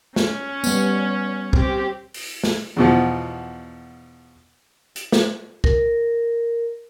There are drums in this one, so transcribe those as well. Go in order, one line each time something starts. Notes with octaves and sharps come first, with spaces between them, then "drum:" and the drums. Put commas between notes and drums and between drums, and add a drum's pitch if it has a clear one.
C#4, drum: snare
G3 B3, drum: tambourine
C4 G4, drum: kick B1
drum: open hi-hat
drum: snare
E2 B2 F3
drum: hi-hat
drum: snare
A#4, drum: kick B1